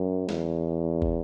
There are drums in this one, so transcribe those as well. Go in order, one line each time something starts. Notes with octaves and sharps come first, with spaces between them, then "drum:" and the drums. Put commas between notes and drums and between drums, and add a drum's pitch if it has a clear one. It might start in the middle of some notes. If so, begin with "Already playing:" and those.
Already playing: F#2
E2, drum: snare
drum: kick